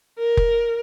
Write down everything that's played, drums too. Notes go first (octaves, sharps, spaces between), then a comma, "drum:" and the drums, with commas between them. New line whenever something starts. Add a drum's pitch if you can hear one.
A#4
drum: kick F1